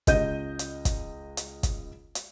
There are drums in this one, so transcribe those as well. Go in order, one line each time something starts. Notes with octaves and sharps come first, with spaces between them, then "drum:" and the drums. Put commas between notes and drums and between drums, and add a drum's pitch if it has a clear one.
C#2 D#5 G6 D#7, drum: kick, hi-hat
drum: hi-hat
drum: kick, hi-hat
drum: hi-hat
drum: kick, hi-hat
drum: hi-hat